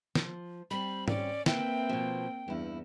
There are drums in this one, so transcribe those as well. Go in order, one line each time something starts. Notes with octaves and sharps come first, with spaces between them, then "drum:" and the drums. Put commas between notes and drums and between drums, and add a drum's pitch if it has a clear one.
F3, drum: snare
G3 C4 B5
C#4 D5, drum: tom G#2
A#3 C4 B4 E5 G5, drum: snare
B2 F3
E2 G2 E4